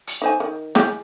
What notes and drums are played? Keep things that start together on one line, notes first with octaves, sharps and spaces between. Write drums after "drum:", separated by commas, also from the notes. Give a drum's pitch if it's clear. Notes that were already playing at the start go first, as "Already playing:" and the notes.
drum: hi-hat
D#4 C5 G#5
D#3
G#3 F4 G4, drum: snare